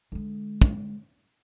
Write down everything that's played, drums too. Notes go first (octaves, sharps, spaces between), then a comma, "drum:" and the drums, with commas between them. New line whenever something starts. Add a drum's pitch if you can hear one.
D3 G#3
drum: kick